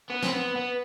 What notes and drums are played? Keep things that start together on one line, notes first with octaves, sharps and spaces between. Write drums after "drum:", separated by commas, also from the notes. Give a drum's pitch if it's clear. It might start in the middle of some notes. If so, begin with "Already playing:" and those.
B3
C4, drum: snare
B3
B3